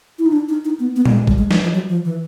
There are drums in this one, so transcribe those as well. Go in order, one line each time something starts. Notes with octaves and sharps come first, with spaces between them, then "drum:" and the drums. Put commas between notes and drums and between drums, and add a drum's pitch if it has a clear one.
E4
D#4
D4
D#4
D#4
B3
B3
G3, drum: tom A#2
G#3
G3, drum: kick G#1
G#3
F3, drum: snare
F3
F#3
F3
E3